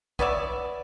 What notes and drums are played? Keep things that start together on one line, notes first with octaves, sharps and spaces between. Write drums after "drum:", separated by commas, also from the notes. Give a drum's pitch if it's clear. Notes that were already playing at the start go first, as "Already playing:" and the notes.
B3 C#5 D5 E5, drum: kick